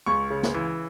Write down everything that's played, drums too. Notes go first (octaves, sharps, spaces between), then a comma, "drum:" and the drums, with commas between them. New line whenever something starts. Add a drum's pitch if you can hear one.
C#2 C#6
C#3
drum: snare
E3